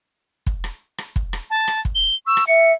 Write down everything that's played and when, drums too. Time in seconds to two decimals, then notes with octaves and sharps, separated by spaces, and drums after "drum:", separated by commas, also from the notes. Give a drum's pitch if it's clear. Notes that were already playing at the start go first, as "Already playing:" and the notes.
0.47 drum: kick
0.64 drum: rim click
0.98 drum: rim click
1.16 drum: kick
1.33 drum: rim click
1.50 A5
1.68 drum: rim click
1.85 drum: kick
1.95 G7
2.27 C#6 E6
2.37 drum: rim click
2.47 E5 C#7